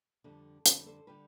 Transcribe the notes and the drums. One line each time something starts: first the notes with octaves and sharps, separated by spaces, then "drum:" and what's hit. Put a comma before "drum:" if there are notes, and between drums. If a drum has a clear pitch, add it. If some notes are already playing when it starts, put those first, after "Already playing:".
F2 D3 G3
F2 D3 G3 B4 D5, drum: hi-hat
A4 C5
D3 G3 G4 B4